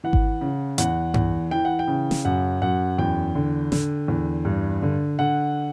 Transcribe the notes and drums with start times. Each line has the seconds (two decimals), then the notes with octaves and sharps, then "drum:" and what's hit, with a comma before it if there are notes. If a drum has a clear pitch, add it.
0.04 E3 F#5
0.13 drum: kick G#1
0.41 C#3
0.78 E2 F#5, drum: hi-hat
1.14 E2, drum: tom G2
1.51 E3 G5
1.65 F#5
1.79 G5
1.88 C#3
2.11 drum: snare
2.25 F#2 F#5
2.62 F#2 F#5
2.98 E2 G5
3.35 D3
3.72 D3, drum: snare
4.08 E2
4.45 G2
4.82 D3
5.19 D3 F#5